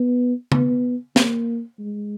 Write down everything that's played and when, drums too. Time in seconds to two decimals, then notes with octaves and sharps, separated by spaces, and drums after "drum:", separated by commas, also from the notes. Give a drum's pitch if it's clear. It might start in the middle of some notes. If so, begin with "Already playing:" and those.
Already playing: B3
0.52 B3, drum: tom C#3
1.16 A#3, drum: snare
1.79 G#3